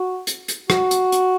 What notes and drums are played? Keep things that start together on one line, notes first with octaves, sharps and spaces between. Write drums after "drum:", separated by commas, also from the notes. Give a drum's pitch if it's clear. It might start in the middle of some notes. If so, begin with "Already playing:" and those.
Already playing: F#4
drum: hi-hat
drum: hi-hat
F#4, drum: rim click
drum: hi-hat
drum: hi-hat